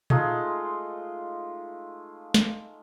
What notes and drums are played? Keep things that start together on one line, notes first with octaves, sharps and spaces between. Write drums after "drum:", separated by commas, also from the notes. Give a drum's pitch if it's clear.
G#3 A3 D#4 F4, drum: tom A#2
drum: snare